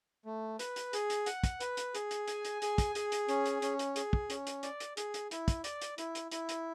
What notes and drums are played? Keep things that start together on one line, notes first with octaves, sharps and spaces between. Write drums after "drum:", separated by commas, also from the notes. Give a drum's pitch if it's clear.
A3
B4, drum: hi-hat
drum: hi-hat
G#4, drum: hi-hat
drum: hi-hat
F#5, drum: hi-hat
drum: kick, hi-hat
B4, drum: hi-hat
drum: hi-hat
G#4, drum: hi-hat
drum: hi-hat
G#5, drum: hi-hat
drum: hi-hat
G#4, drum: hi-hat
drum: kick, hi-hat
G#4, drum: hi-hat
drum: hi-hat
C#4, drum: hi-hat
drum: hi-hat
C#4, drum: hi-hat
drum: hi-hat
G#4, drum: hi-hat
drum: kick
C#4, drum: hi-hat
drum: hi-hat
D5, drum: hi-hat
drum: hi-hat
G#4, drum: hi-hat
drum: hi-hat
E4, drum: hi-hat
drum: kick, hi-hat
D5, drum: hi-hat
drum: hi-hat
E4, drum: hi-hat
drum: hi-hat
E4, drum: hi-hat
drum: hi-hat